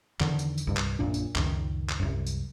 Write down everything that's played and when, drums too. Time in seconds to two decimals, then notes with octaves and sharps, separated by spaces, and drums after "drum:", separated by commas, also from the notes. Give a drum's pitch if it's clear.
0.20 E2 D3 D#3, drum: clap
0.39 drum: tambourine
0.58 drum: tambourine
0.67 C2 G2
0.76 drum: clap
0.99 A#1 F#2 A#2 D4
1.14 drum: tambourine
1.35 C#2 F#2 D#3, drum: clap
1.89 drum: clap
2.00 C2 F#2
2.27 drum: tambourine